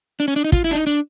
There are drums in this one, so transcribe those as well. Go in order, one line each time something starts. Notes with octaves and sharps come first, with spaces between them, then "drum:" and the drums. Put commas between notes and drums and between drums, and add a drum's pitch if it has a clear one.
D4
C#4
D4
D#4
F4, drum: kick
E4
D4
D#4
D4